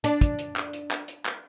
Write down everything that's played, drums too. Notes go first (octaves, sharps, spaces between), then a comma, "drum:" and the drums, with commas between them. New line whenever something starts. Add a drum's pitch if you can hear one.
D4, drum: hi-hat
drum: kick, hi-hat
drum: hi-hat
drum: clap
drum: hi-hat
drum: clap
drum: hi-hat
drum: clap